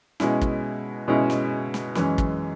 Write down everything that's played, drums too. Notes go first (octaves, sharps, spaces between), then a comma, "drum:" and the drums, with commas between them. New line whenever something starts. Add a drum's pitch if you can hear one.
B2 G#3 C#4 E4, drum: snare
drum: kick
B2 G#3 C#4 E4
drum: snare
drum: snare
F#2 E3 G#3 C#4, drum: snare
drum: kick